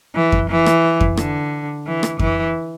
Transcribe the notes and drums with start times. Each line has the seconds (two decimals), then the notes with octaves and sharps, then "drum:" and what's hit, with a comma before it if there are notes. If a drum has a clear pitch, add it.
0.15 E3
0.32 drum: kick F2
0.50 E3
0.66 drum: rim click
1.00 drum: kick F2
1.17 D3, drum: rim click
1.86 E3
2.03 drum: rim click
2.19 E3, drum: kick F2